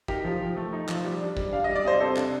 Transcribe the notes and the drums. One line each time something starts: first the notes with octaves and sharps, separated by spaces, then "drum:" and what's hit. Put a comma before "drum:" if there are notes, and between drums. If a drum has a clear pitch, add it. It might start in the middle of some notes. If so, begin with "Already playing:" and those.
D#4 G4 A#4, drum: kick
F3
F3
A3
D#4
F3, drum: clap
G3
D4
G3, drum: kick
D4 F5
D#5
G3
D5
C3 C5 D#5
C3 A4 C5
D4, drum: clap